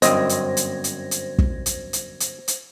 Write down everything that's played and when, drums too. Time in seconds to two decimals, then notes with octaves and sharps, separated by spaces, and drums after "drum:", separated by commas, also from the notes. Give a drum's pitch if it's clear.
0.02 G1 F#2 C4 C5 D#5 G#6 A#6, drum: hi-hat
0.29 drum: hi-hat
0.57 drum: hi-hat
0.84 drum: hi-hat
1.11 drum: hi-hat
1.38 drum: kick
1.66 drum: hi-hat
1.93 drum: hi-hat
2.20 drum: hi-hat
2.48 drum: hi-hat